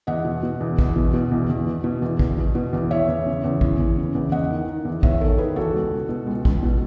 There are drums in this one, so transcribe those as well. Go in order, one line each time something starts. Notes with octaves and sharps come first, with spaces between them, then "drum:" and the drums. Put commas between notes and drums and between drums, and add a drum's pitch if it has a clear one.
E2 D#5 F#5
B2
B2
E2
E2, drum: kick A1
B2
B2
E2
E2
B2
B2
E2
E2, drum: kick A1
B2
B2
E2
E3 C#5 E5
E2
C#3
E2
E3, drum: kick A1
E2
C#3
E2
E2 D#5 F#5
D#3
D#3
E2
E2 C#5 E5, drum: kick A1
D#3 A4 C#5
D#3 G#4 B4
E2 F#4 A4
C#2
B2
B2
C#2
C#2, drum: kick A1
B2